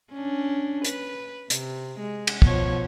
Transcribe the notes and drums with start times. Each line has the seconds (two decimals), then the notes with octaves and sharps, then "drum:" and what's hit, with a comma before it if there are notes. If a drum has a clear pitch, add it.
0.13 C#4 D4
0.85 B4, drum: hi-hat
1.50 C3, drum: hi-hat
1.99 G#3
2.27 drum: cymbal
2.42 B2 F3 C#5, drum: kick